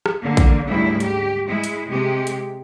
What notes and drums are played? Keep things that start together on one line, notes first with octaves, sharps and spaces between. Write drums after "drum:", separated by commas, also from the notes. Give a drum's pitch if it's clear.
drum: rim click
D3 A#3
drum: kick, hi-hat
D2 G#2 C#3 G3 E4
G4, drum: hi-hat
G#3 E4
drum: hi-hat
C3 G#3 G4
drum: hi-hat